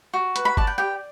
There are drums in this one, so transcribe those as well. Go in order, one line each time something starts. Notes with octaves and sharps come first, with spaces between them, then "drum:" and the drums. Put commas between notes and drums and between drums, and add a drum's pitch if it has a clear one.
F#4
B4, drum: hi-hat
B5
D5 A5, drum: kick G1
G5
G4 G5